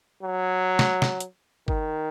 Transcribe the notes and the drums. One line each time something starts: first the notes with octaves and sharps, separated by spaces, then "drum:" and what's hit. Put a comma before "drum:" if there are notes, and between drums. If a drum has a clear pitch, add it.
F#3
drum: snare
drum: snare
drum: hi-hat
D#3, drum: kick